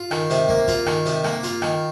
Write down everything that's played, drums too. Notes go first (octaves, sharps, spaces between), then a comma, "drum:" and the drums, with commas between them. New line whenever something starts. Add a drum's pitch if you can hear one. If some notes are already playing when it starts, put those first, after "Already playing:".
Already playing: F4
D#3, drum: rim click
C3, drum: hi-hat
A#3, drum: kick
F4, drum: kick, hi-hat
D#3, drum: rim click
C3, drum: hi-hat
A#3, drum: rim click
F4, drum: hi-hat
D#3, drum: rim click